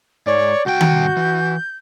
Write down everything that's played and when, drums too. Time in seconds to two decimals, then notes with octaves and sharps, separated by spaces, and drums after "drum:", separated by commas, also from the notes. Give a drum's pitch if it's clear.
0.27 G#2 C#5 D5
0.66 C2 F#4 G5 G6
0.81 drum: tom D#3
1.17 E3